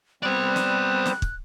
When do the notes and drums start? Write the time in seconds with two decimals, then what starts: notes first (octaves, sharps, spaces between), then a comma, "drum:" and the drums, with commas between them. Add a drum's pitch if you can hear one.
0.23 G3 B3 C4 C5 D5 F#6
0.56 drum: snare
1.06 drum: snare
1.22 drum: kick